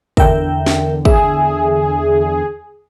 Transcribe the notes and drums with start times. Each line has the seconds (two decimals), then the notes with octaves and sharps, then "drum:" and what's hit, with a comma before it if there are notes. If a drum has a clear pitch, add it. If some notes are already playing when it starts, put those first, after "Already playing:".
0.17 E2 D3 A#4 E5 G5, drum: kick
0.66 drum: snare
1.05 G#4 E5, drum: kick